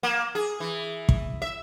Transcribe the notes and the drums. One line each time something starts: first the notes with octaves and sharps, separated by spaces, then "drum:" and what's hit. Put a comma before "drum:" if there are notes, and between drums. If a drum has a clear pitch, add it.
A#3
G#4
E3
drum: kick
E5